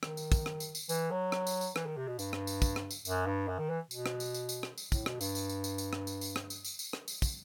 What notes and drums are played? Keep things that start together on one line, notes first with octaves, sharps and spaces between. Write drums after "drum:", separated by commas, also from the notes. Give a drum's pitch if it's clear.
D#3, drum: rim click
drum: tambourine
drum: kick, tambourine
drum: rim click
drum: tambourine
drum: tambourine
E3, drum: tambourine
F#3
drum: rim click
drum: tambourine
drum: tambourine
E3, drum: rim click
D#3
C3
B2
G2, drum: tambourine
drum: rim click
drum: tambourine
drum: kick, tambourine
drum: rim click
drum: tambourine
F#2, drum: tambourine
G2
F#2
D#3
E3
B2, drum: tambourine
drum: rim click
drum: tambourine
drum: tambourine
drum: tambourine
drum: rim click
drum: tambourine
A2, drum: kick, tambourine
B2, drum: rim click
G2, drum: tambourine
drum: tambourine
drum: tambourine
drum: tambourine
drum: tambourine
drum: rim click
drum: tambourine
drum: tambourine
drum: rim click
drum: tambourine
drum: tambourine
drum: tambourine
drum: rim click
drum: tambourine
drum: kick, tambourine